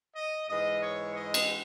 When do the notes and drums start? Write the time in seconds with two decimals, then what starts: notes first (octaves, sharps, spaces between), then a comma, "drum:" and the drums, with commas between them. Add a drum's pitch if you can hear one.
0.16 D#5
0.49 G#2 E3 G#3 D#5
0.82 C#5
1.16 D#5
1.34 drum: cymbal